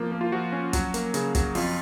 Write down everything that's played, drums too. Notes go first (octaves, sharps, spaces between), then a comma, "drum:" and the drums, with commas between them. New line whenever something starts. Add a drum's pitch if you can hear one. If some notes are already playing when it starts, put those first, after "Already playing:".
Already playing: F3 A#3
A#3
F4
F3 F#4
C#4
F#3, drum: kick, hi-hat
A#3, drum: hi-hat
C#3, drum: hi-hat
F#3, drum: kick, hi-hat
F2 F4, drum: open hi-hat